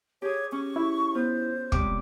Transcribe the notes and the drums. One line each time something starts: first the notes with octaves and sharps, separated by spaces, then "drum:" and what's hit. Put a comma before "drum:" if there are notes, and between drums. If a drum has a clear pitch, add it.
G4 G#4 C#5
C#4 C#6
E4
B3 F4 C5
C3 G3 G#3 D6, drum: kick